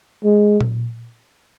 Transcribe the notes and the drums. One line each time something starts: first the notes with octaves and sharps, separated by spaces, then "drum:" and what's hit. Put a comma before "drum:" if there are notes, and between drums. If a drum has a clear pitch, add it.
G#3
drum: tom A#2